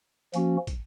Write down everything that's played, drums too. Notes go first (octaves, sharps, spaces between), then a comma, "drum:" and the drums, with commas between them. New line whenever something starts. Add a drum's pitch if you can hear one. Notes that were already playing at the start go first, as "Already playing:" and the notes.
F3 A#3 C#4 F#4, drum: hi-hat
drum: kick, hi-hat